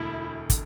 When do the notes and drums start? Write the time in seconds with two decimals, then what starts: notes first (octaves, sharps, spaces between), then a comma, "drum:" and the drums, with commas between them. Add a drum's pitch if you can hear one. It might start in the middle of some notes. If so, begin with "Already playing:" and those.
Already playing: E1 D2 D3 E4
0.50 D3, drum: kick, hi-hat